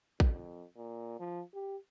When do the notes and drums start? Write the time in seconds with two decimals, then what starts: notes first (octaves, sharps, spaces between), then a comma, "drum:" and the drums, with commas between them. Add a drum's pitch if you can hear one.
0.20 F2, drum: kick
0.77 A#2
1.20 F3
1.54 G4